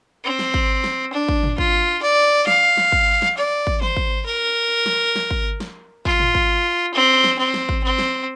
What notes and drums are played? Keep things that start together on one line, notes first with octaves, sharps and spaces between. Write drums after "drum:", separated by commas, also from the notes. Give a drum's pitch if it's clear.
C4
drum: snare
drum: kick G#1
drum: snare
D4
drum: kick G#1
drum: tom
F4, drum: kick G#1
D5
F5, drum: snare
drum: snare
drum: kick G#1
drum: snare
D5
drum: kick G#1
C5, drum: tom
drum: kick G#1
A#4
drum: snare
drum: snare
drum: kick G#1
drum: snare
F4, drum: kick G#1
drum: tom
drum: kick G#1
C4
drum: snare
C4
drum: snare
drum: kick G#1
C4
drum: snare